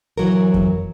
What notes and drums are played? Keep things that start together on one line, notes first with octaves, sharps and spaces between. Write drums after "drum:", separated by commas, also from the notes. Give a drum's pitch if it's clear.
E3 F#3 A#4
drum: kick F#2